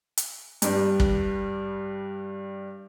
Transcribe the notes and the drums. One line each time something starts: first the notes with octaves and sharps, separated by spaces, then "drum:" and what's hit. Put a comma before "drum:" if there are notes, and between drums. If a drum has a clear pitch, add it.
drum: hi-hat
G2 G3, drum: hi-hat
drum: kick